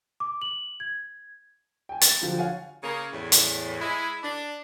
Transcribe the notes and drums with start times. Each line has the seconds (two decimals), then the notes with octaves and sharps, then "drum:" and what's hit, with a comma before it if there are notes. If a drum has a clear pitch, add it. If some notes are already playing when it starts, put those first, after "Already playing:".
0.20 D6
0.42 F#7
0.80 G#6
1.89 G5 G#5
2.01 A6, drum: hi-hat
2.22 D3 F3 F#3 G4
2.38 C#5 F5 F#5 G#5
2.82 C#3 A#3
3.13 E2 A2
3.32 drum: hi-hat
3.81 G#3 E4
4.23 D4